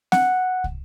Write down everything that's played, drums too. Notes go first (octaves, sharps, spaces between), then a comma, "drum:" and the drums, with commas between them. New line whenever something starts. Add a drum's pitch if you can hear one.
F#5, drum: snare C4
drum: kick